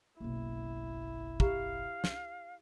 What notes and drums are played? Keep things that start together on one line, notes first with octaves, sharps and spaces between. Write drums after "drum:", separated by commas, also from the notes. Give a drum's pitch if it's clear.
F#1 B1 E4
G4 F5 A#5, drum: kick
drum: snare